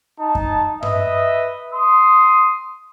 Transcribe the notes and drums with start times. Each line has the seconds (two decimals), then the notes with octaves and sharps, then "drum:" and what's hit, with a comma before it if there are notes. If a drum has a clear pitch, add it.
0.20 D#4 A5
0.35 drum: kick F#2
0.83 B4 D#5 E5, drum: tom G2
1.73 C6 D#6